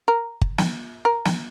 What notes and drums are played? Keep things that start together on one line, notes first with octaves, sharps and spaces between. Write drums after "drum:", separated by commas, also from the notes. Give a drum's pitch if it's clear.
A#4
drum: kick G1
drum: snare
A#4
drum: snare